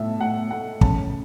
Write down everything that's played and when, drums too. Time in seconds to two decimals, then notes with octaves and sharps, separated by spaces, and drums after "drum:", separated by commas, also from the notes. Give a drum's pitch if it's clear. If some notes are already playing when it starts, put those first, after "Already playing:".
Already playing: A2 A3 E5 A5
0.20 A2 F#5
0.51 A3 F#5
0.81 C#3 A5, drum: kick